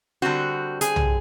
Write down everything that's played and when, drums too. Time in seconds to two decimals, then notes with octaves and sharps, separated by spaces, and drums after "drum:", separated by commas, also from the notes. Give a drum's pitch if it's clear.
0.22 D3 G3 C4 F#4
0.81 G#4, drum: hi-hat
0.96 drum: tom B1